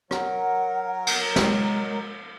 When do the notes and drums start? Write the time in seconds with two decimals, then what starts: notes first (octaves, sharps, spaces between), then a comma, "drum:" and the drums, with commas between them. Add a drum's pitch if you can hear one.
0.11 F#3 A#4 F#5, drum: rim click
1.07 drum: cymbal
1.36 G#3, drum: snare